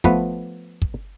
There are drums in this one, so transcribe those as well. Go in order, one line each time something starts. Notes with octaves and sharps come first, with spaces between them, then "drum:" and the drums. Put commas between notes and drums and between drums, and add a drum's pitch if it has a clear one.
F3 A3 B3 B4, drum: kick
drum: kick